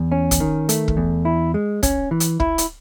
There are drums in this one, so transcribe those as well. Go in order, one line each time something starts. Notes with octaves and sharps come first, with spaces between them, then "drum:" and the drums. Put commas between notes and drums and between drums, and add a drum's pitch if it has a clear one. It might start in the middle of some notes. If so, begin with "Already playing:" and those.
Already playing: E2
C#4
drum: kick, hi-hat
D#3
A3, drum: hi-hat
drum: kick
E2
E4
G#3
C#4, drum: kick, hi-hat
E3
drum: hi-hat
E4, drum: kick
drum: hi-hat